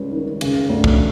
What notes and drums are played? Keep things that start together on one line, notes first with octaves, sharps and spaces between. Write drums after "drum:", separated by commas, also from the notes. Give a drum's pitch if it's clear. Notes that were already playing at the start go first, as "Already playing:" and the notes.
Already playing: C#2 G3
D#3
C#3, drum: cymbal
D2
drum: kick